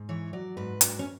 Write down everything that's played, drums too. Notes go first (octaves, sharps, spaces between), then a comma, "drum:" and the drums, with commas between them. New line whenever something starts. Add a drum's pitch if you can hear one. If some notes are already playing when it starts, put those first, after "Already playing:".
Already playing: G#2
E3 C#5
F#3 D5
G#2 B4
F#3 D4, drum: hi-hat
C#4